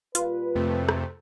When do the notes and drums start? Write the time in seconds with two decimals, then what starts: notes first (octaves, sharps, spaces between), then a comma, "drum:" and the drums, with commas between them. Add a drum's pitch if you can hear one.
0.15 A#2 G3 F4 B4, drum: hi-hat
0.55 F2 C3 A3
0.89 drum: rim click